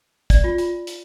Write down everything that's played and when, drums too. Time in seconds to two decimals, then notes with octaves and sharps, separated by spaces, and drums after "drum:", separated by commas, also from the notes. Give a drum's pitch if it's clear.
0.30 D5, drum: kick, hi-hat
0.44 F4
0.58 F4, drum: hi-hat
0.87 drum: hi-hat